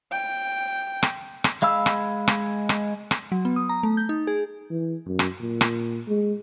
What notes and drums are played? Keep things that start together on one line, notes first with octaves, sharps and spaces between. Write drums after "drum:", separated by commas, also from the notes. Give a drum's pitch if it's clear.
G5
drum: rim click
drum: rim click
G#3 F5 B5 E6
drum: rim click
drum: rim click
drum: rim click
drum: rim click
F#3
B3
D#6
A#5
A3
G6
D#4
G#4
E3
F#2
drum: rim click
A#2
drum: rim click
G#3